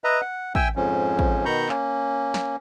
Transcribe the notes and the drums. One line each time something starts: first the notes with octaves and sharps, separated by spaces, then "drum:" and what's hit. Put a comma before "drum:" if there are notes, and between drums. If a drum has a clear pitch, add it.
B4 D#5 E5 A#5
F#5
E5 G5 G#5 E6, drum: kick
F2 G#2 F3 C#4
drum: kick
B2 D#3 A#5 B5 C#6 G6
A#3 C#4, drum: clap
drum: snare